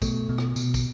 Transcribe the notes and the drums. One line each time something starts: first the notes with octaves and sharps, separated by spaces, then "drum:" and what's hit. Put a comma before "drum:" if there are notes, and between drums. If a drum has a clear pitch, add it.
B2 A3, drum: kick, tambourine
B2
drum: rim click
B2, drum: tambourine
drum: kick, tambourine